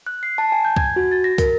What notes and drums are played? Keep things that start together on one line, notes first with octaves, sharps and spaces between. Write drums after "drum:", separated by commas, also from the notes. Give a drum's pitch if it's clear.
F#6
C7
A5
G#5
G6
G#6, drum: kick
F#4
A6
A#6
A#4, drum: kick, hi-hat